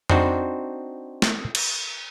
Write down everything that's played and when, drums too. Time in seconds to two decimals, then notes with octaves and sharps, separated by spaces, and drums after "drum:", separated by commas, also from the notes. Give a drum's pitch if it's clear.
0.10 C4 D4 D#4 F#4 C5, drum: tom F2
1.22 drum: snare
1.55 drum: cymbal